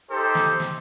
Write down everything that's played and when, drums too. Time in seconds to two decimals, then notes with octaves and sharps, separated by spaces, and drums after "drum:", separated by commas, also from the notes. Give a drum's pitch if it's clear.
0.10 D#4 G4 A4 C5
0.35 drum: snare
0.60 drum: snare